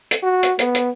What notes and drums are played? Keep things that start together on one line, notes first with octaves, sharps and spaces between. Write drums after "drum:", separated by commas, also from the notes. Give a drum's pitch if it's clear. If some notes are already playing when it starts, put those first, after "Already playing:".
drum: hi-hat
F#4
drum: hi-hat
B3, drum: hi-hat
drum: hi-hat